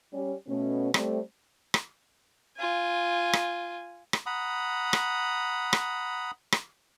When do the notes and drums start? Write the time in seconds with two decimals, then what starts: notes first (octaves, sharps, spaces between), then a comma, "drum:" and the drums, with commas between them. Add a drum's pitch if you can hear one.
0.13 G3 C#4
0.48 B2 A3 C#4
0.94 G3 A3 C4, drum: rim click
1.74 drum: rim click
2.57 F4 G#5
3.33 drum: rim click
4.13 drum: rim click
4.26 F#5 A#5 B5 D#6
4.93 drum: rim click
5.73 drum: rim click
6.52 drum: rim click